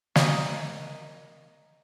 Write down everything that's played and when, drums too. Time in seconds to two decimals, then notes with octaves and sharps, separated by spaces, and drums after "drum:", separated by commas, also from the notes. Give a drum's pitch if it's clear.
0.16 A#4 D#5 A#5, drum: snare